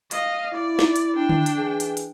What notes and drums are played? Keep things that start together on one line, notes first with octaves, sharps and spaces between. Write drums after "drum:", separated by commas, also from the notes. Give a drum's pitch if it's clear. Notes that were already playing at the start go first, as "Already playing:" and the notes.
D#5 F5, drum: hi-hat
E4 D5
drum: snare
drum: hi-hat
D4 G5
drum: tom D3
drum: hi-hat
E3 G#4
drum: hi-hat
drum: hi-hat